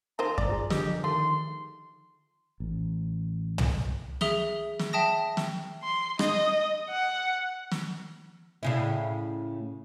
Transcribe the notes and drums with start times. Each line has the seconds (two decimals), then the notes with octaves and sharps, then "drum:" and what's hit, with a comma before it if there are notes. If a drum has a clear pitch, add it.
0.19 D#3 F4 C5 A#5
0.38 D5, drum: kick F#2
0.49 F4 G#4
0.70 D3 F3 G4 D#5, drum: snare
1.04 D#3 A3 C6
2.60 A1
3.58 drum: tom
4.21 G#4 E5 D#6 F7 G7, drum: snare
4.79 drum: snare
4.93 E5 G5 A5 D#6 A#6
5.37 drum: snare
5.83 C6
6.19 D#5, drum: rim click
6.90 F#5
7.71 drum: snare
8.63 A2 C#3 E4